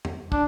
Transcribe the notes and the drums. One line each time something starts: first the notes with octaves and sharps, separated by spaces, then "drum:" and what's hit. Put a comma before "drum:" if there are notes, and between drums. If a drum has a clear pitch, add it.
drum: tom E2
D4, drum: kick